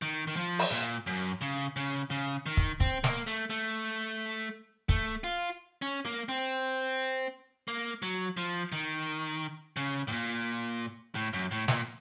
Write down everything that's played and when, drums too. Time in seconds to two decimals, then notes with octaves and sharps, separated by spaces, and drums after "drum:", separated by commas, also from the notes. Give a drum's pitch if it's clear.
0.02 D#3
0.27 D#3
0.36 F3
0.59 drum: open hi-hat
0.71 A#2
1.07 F#2
1.41 C#3
1.76 C#3
2.11 C#3
2.46 D#3
2.57 drum: kick
2.80 C4, drum: kick
3.04 A#3, drum: snare
3.27 A3
3.50 A3
4.89 A3, drum: kick
5.24 F4
5.82 C#4
6.05 A#3
6.29 C4
7.68 A#3
8.02 F#3
8.37 F3
8.72 D#3
9.77 C#3
10.08 A2
10.12 A#2
11.15 A2
11.33 F#2
11.51 A2
11.68 A#2, drum: snare